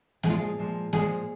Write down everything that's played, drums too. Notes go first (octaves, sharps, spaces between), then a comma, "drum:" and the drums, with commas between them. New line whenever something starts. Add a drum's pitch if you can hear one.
A#2 F3 G#3 G#4, drum: snare
F4
G#4
A#2 F3 G#3
A#2 F3 G#3 G#4, drum: snare